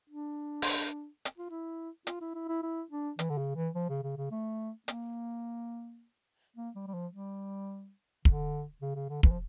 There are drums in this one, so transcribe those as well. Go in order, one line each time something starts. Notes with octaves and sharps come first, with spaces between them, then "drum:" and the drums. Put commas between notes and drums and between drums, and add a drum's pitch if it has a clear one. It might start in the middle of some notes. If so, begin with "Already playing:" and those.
D4
drum: open hi-hat
drum: hi-hat
F4
E4
F4, drum: hi-hat
E4
E4
E4
E4
D4
E3, drum: hi-hat
D3
C#3
E3
F3
C#3
C#3
C#3
A3
A#3, drum: hi-hat
A#3
G3
G3
F3
G3
D3, drum: kick
C#3
C#3
D3
E3, drum: kick
F3